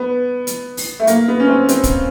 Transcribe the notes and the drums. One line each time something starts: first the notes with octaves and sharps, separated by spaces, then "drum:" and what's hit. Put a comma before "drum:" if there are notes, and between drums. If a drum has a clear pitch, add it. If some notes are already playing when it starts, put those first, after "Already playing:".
Already playing: B3
drum: hi-hat
drum: open hi-hat
A3
A#3, drum: hi-hat
B3
C#4
C4
C4, drum: hi-hat
drum: kick, hi-hat